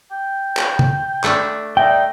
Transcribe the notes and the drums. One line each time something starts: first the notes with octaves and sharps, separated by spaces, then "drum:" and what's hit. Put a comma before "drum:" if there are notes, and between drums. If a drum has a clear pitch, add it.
G5
drum: clap
drum: tom C3
A3 D4, drum: clap
D#4 D5 E5 G5